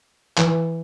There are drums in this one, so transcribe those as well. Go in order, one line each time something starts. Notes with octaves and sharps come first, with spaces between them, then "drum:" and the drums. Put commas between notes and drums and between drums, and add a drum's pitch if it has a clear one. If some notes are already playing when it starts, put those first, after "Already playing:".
E3, drum: clap